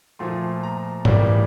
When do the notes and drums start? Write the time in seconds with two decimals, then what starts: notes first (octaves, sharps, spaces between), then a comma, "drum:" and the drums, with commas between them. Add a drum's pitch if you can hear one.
0.19 A#2 F3 A3 C6
0.63 A#5
1.05 A2 E3 G3 A#3 D5, drum: tom